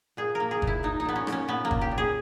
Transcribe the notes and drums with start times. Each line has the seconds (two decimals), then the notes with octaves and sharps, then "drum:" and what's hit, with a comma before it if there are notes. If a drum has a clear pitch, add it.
0.17 A#2 G#4
0.35 A#3 A#4
0.51 G#4
0.62 A#2, drum: kick
0.67 E4
0.83 A#2 D#4
1.00 D#4
1.05 A#2 B3
1.16 C#4
1.27 A#2, drum: rim click
1.32 C#4
1.48 A#2 B3
1.65 A#3
1.71 A#2, drum: kick
1.81 G4
1.91 A#2
1.98 G#4